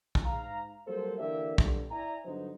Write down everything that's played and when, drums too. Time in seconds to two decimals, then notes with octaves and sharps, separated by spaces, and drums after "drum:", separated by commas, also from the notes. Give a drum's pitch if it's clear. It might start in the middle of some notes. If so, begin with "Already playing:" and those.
0.15 drum: kick
0.25 G#2 F5 A#5
0.87 F#3 G3 A#3 A4 C5
1.18 D3 E3 A#3 G4 D5 E5
1.58 G1 G2, drum: kick
1.91 E4 D5 E5 G#5 A#5
2.25 G2 D3 F#3 B3 D#4 C5